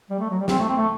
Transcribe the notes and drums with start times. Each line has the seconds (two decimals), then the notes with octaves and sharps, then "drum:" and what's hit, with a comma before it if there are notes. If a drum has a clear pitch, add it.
0.10 G3
0.19 A3
0.30 F#3
0.39 G3
0.48 C4, drum: snare
0.58 A3
0.68 C4
0.77 A3